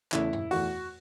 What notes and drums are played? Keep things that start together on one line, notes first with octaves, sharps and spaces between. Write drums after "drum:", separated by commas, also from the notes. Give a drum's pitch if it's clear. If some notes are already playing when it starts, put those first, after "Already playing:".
E2 C#3 A3 E4, drum: clap
drum: tom F#2
E2 E3 A3 F#4, drum: open hi-hat